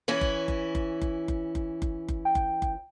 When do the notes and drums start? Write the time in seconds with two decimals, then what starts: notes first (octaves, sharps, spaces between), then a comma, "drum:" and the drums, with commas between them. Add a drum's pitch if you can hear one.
0.08 E3 C#4 E4
0.21 drum: kick F#1
0.48 drum: kick F#1
0.75 drum: kick F#1
1.02 drum: kick F#1
1.28 drum: kick F#1
1.55 drum: kick F#1
1.82 drum: kick F#1
2.09 drum: kick F#1
2.25 G5
2.35 drum: kick F#1
2.62 drum: kick F#1